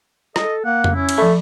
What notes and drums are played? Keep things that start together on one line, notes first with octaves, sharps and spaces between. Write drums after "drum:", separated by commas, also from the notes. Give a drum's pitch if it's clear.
A4 D#5, drum: rim click
A#3 F#5
drum: tom F2
C#4 E4
drum: cymbal
F3 A3 B5